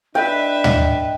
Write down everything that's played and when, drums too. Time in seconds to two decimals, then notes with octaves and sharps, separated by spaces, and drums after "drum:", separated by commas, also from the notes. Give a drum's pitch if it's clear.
0.15 D4 B4 D#5 E5 G5
0.64 drum: tom